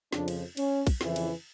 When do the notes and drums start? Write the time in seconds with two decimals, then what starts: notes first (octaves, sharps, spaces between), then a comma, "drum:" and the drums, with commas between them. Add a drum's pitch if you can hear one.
0.13 F2 C#3 F3 D4, drum: snare
0.28 drum: cymbal
0.57 C#4, drum: cymbal
0.87 drum: kick, cymbal
1.01 F2 C#3 E3, drum: snare
1.16 drum: cymbal